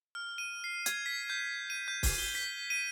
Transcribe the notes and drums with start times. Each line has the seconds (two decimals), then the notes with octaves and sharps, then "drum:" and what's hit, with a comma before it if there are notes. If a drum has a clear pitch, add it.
0.15 F6
0.38 D#7
0.64 C7
0.86 G#6, drum: hi-hat
1.06 B6
1.30 G6
1.70 D#7
1.88 G6
2.03 drum: kick, open hi-hat
2.18 G7
2.35 B6
2.70 D#7